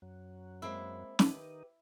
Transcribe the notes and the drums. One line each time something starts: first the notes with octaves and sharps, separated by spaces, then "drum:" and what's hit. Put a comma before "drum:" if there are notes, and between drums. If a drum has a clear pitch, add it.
F#2 F#3
G#3 A#3 C4 E4
D#3 D#4 G4 B4, drum: snare